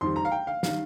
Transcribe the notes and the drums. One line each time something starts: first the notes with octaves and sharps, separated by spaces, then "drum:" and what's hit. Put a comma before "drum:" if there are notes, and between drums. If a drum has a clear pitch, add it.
F2 D#3 G3 C6
A#5
F5
G5
F5
D#3 G3 F5, drum: snare